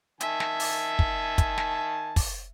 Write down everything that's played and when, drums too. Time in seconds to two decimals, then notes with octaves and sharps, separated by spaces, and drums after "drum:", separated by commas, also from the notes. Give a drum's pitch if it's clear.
0.21 D#3 E5 G#5 A5, drum: hi-hat
0.40 drum: snare
0.60 drum: open hi-hat
0.99 drum: kick
1.38 drum: kick, hi-hat
1.58 drum: snare
2.16 drum: kick, open hi-hat